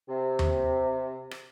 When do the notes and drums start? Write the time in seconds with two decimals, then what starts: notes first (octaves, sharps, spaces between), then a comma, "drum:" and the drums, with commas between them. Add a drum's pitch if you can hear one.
0.08 C3
0.39 drum: tom D#2
1.31 drum: rim click